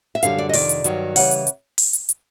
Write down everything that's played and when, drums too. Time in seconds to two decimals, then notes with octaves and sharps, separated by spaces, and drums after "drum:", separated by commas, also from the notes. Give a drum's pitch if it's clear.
0.15 E5
0.23 F#2 D3 G3 F5, drum: hi-hat
0.38 D5
0.49 D#5
0.53 F2 C3 D#3 D5, drum: open hi-hat
0.69 drum: hi-hat
0.84 G2 D#3 F#3, drum: hi-hat
1.16 C#3 E3 G3 F#5, drum: open hi-hat
1.31 drum: hi-hat
1.47 drum: hi-hat
1.78 drum: open hi-hat
1.93 drum: hi-hat
2.09 drum: hi-hat